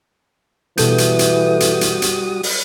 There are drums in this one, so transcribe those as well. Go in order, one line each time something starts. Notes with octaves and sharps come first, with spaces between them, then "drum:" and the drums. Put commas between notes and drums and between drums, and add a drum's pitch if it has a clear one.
B2 E3 G3 F#4 A4 D#6 G6, drum: hi-hat
drum: hi-hat
drum: hi-hat
drum: hi-hat
drum: hi-hat
drum: hi-hat
drum: open hi-hat